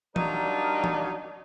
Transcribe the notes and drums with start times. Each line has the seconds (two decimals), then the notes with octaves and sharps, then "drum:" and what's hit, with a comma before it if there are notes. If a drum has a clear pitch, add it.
0.16 F#3 G3 D4 D#4 F4 A#4, drum: tom E3
0.84 drum: tom E3